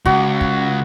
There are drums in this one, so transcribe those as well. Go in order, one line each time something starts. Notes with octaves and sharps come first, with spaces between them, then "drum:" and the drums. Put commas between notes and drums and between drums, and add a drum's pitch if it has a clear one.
C#2 F#4, drum: kick
drum: kick